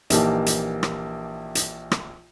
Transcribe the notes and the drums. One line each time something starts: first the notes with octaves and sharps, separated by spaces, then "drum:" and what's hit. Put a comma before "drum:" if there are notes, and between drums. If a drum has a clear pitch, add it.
A#1 E3 A#3 D#4 G4 A5, drum: hi-hat
drum: hi-hat
drum: rim click
drum: hi-hat
drum: rim click